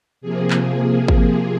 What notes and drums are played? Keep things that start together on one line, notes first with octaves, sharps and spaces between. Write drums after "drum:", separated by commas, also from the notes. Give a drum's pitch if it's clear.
C3 F3 A#3 G#4
drum: clap
drum: kick G#1